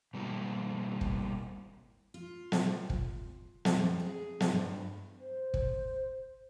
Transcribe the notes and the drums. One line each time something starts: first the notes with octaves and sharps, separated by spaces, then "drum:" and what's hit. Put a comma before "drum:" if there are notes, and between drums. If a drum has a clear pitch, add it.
B2 G3 A#3 E4 F#4
drum: kick
F4
drum: snare
drum: kick
drum: snare
F2
G#4
drum: snare
G2
C5
drum: kick